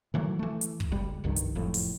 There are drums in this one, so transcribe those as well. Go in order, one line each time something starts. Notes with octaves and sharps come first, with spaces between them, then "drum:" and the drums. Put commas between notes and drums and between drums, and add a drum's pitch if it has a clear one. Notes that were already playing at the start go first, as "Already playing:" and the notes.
D#3 E3 F#3 A3
E3 A3
drum: hi-hat
drum: kick
F#1 G3
F1 C2 G2 D#3
drum: hi-hat
F#1 F2 A2
drum: open hi-hat